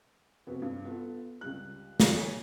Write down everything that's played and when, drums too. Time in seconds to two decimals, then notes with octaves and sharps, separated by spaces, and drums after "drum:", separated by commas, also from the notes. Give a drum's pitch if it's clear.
0.47 F1 B3 C4 F#4 B4
0.62 G2
0.85 B3 F4 A4
1.41 C#2 G3 F#6
2.00 drum: snare
2.14 C#5 G#5